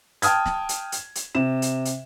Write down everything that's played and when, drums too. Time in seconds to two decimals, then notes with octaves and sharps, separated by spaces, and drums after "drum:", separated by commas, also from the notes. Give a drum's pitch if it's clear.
0.22 G5 A5 D#6 F6 G#6, drum: hi-hat
0.46 drum: snare
0.69 drum: hi-hat
0.92 drum: hi-hat
1.15 drum: hi-hat
1.35 C3 E7
1.62 drum: hi-hat
1.85 drum: hi-hat